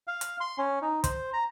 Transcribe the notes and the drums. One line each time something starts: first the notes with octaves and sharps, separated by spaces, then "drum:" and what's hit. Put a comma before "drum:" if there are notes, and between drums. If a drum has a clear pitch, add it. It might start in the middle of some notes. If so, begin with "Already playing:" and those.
F5
drum: hi-hat
C6
C#4
D#4
C5, drum: kick, hi-hat
A#5